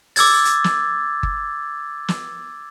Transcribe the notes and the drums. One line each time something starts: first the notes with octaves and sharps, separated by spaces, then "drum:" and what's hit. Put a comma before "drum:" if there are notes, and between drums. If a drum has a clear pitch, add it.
D6 E6 G#6 A6, drum: open hi-hat
drum: hi-hat
drum: snare
drum: kick G1
drum: snare